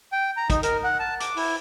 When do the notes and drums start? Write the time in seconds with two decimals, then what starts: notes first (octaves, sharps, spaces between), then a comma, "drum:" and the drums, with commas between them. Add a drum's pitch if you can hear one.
0.12 G5
0.37 A#5
0.50 D#4, drum: kick, hi-hat
0.63 A#4, drum: hi-hat
0.84 F#5
0.99 A5
1.20 D6, drum: hi-hat
1.37 E4, drum: open hi-hat